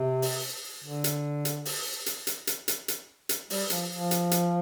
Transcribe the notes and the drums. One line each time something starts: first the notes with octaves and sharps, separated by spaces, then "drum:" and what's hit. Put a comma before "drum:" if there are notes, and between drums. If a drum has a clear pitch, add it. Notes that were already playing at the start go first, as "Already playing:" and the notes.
Already playing: C3
drum: open hi-hat
D3
drum: hi-hat
drum: hi-hat
drum: open hi-hat
drum: hi-hat
drum: hi-hat
drum: hi-hat
drum: hi-hat
drum: hi-hat
drum: hi-hat
G3, drum: open hi-hat
F3, drum: hi-hat
F3
drum: hi-hat
drum: hi-hat